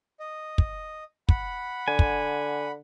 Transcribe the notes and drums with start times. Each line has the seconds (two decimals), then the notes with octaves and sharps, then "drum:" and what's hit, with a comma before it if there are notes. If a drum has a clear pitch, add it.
0.20 D#5
0.58 drum: kick
1.29 F#5 B5, drum: kick
1.88 D3 G#5
1.99 drum: kick